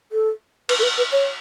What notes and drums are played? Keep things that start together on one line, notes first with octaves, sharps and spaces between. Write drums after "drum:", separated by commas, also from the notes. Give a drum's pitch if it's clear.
A4
B4, drum: cymbal
A4
B4
B4
C#5